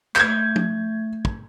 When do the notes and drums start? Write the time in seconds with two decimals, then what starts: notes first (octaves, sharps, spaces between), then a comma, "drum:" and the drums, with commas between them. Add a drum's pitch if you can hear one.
0.16 A3 G6 G#6, drum: clap
0.56 drum: tom
1.25 drum: kick